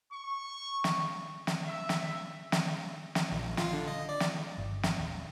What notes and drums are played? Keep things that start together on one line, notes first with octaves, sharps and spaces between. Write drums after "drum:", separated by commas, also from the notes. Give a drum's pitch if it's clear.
C#6
drum: snare
drum: snare
E5
drum: snare
drum: snare
drum: snare
A#1
F4, drum: snare
D3
D#5
D5
drum: snare
G1
drum: snare
D#1